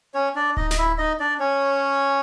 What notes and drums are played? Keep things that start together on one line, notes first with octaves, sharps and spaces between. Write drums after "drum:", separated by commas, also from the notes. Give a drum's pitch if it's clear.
C#4 C#5
D4 D5
D#4 D#5, drum: kick D1
D#5, drum: snare
E4 E5
D#4 D#5
D4 D5
C#4 C#5